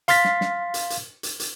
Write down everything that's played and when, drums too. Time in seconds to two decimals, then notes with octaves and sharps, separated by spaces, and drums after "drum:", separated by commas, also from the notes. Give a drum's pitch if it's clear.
0.08 F5 C6 F6 A6 B6, drum: hi-hat
0.24 drum: snare
0.41 drum: snare
0.74 drum: hi-hat
0.90 drum: hi-hat
1.23 drum: hi-hat
1.40 drum: hi-hat